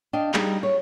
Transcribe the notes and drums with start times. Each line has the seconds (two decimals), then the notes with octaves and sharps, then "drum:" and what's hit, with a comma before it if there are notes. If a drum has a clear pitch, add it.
0.13 D4 D#5 F5 G5
0.34 G3 D#4 F4 G#4, drum: clap
0.63 C#5